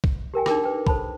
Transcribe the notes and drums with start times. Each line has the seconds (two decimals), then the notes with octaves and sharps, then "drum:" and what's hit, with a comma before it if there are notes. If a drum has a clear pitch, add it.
0.04 drum: kick
0.34 G4 A#4 G5 G#5
0.46 D4 D#4 G#4 A#4 G5 D6, drum: rim click
0.64 B4 G5
0.87 A4 C5 A5 B5, drum: kick